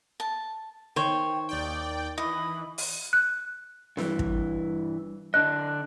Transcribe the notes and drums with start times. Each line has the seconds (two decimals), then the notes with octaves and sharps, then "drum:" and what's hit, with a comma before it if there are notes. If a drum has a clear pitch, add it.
0.20 A5
0.96 D#3 C5 C#5 G5
1.49 D#2 D#4 D5 G5
2.18 E3 D#5 B5
2.78 drum: open hi-hat
3.13 F#6
3.97 G2 E3, drum: snare
4.19 drum: kick
5.34 D3 D4 D#5 F#6